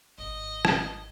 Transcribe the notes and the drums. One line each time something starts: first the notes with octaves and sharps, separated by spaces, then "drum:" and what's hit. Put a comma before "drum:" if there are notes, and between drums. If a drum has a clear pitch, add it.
G#1 D#5
drum: rim click